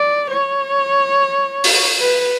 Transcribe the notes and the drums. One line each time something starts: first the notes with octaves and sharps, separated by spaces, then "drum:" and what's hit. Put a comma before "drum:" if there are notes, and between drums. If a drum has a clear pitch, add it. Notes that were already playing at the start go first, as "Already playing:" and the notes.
Already playing: D5
C#5
drum: open hi-hat
B4